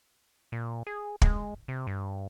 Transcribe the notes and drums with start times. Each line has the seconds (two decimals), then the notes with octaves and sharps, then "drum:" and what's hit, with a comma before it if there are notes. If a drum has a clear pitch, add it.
0.52 A#2
0.87 G#4
1.22 G#3, drum: kick
1.68 C3
1.87 G2